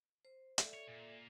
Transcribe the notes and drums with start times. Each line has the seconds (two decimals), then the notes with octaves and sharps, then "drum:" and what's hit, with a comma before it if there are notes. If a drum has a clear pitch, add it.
0.25 C5
0.58 A4 D5 E5, drum: hi-hat
0.73 C#5
0.87 A#2